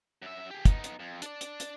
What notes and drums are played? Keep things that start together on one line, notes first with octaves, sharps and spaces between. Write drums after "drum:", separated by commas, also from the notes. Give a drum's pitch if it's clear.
F#2 E5
G4 G#4
B3 D#4, drum: kick, hi-hat
drum: hi-hat
F2
D4 D5, drum: hi-hat
drum: hi-hat
drum: hi-hat